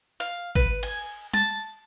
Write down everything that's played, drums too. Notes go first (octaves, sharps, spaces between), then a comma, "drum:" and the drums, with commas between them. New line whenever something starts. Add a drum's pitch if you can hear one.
F5
B4, drum: kick G#1
G#5, drum: cymbal
A5, drum: tom G3